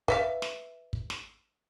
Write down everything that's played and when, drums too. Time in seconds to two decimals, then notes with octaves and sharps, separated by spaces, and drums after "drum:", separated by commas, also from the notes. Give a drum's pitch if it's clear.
0.08 B4 E5 F5, drum: kick
0.42 drum: snare
0.93 drum: kick
1.10 drum: snare